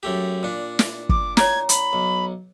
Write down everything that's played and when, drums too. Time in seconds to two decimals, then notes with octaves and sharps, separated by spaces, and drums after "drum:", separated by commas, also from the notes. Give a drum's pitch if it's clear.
0.03 F#2 A3 G4
0.43 A#2 D4
0.79 drum: snare
1.09 D6, drum: kick
1.37 C#5 A#5 G#6, drum: snare
1.69 B5, drum: hi-hat
1.93 B1